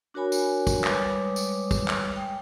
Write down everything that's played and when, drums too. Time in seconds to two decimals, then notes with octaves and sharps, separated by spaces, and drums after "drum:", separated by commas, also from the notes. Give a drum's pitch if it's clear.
0.14 D4 F#4 A#4 C#5 G#5 B5
0.32 drum: tambourine
0.67 drum: kick, tambourine
0.84 G3 G#3 B4 C#5 D6 D#6, drum: clap
1.36 drum: tambourine
1.71 drum: kick, tambourine
1.88 drum: clap
2.16 G#3 G5